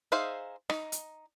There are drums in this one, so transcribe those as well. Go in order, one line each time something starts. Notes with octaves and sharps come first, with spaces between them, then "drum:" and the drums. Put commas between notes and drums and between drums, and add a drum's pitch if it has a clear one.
D#4 G#4 C5 E5 F5
D#4, drum: rim click
drum: hi-hat